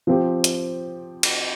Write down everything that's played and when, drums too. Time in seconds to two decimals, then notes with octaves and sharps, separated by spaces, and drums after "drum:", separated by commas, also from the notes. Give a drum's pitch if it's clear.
0.07 F3 C4 G4
0.44 drum: hi-hat
1.23 drum: cymbal